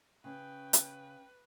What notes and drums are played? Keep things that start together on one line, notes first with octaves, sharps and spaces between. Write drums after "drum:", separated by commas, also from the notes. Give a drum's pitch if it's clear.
C#3 C#4 B4 G5
drum: hi-hat